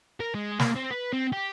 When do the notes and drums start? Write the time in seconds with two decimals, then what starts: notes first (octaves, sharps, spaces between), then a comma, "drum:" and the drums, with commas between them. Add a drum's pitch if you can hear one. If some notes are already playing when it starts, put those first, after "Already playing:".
0.20 A#4
0.34 G#3
0.59 A#3, drum: snare
0.76 C4
0.91 B4
1.13 C4
1.32 G4